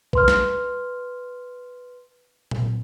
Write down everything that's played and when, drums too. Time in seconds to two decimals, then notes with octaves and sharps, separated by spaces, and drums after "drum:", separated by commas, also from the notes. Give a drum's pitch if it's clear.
0.13 B4 C6 F6, drum: kick A#1
0.28 drum: snare
2.51 drum: tom A#2